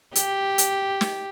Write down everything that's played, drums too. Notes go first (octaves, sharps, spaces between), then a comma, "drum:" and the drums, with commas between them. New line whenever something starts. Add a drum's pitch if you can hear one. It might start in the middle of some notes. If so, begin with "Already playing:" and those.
G4, drum: hi-hat
drum: hi-hat
drum: snare